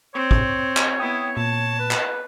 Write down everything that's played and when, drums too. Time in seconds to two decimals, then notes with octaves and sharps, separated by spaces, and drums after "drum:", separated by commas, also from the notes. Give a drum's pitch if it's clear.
0.14 C4 C#5 C#6
0.31 drum: kick
0.77 drum: clap
0.99 B3 E4 G5 D#6
1.37 A#2 A5
1.79 B4
1.91 drum: clap